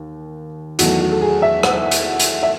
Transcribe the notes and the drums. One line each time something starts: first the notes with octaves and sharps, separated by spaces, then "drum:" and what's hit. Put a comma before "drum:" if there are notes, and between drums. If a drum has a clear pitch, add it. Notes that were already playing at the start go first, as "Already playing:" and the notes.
Already playing: D#2
E2 D#3 F#3 A3 F#4, drum: hi-hat
F#4
A4
G#4
E5
F#5, drum: rim click
drum: hi-hat
drum: hi-hat
E5